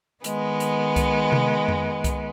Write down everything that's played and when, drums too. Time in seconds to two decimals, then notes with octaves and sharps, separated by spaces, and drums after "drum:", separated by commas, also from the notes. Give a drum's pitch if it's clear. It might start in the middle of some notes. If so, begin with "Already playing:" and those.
0.24 D#3 G#3 B3, drum: hi-hat
0.60 drum: hi-hat
0.96 drum: kick C2, hi-hat
1.32 drum: tom C3
1.68 drum: tom F2
2.04 drum: kick C2, hi-hat